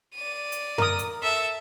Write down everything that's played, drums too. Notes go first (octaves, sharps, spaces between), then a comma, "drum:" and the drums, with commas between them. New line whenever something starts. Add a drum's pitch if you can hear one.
D5 D#7
drum: hi-hat
A#4 D#6, drum: tom F#2
drum: hi-hat
A4 E5